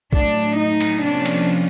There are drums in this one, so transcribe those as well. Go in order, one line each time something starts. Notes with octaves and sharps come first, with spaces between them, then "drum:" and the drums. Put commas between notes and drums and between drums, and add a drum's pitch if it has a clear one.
A2 F#3 A3 D4, drum: kick
D#4
drum: cymbal
C3 F3 A#3 C#4 D4
drum: cymbal